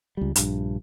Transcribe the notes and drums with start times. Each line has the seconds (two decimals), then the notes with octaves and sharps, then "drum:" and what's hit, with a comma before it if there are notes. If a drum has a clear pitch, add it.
0.17 C#2 G3
0.36 A#1 G2, drum: hi-hat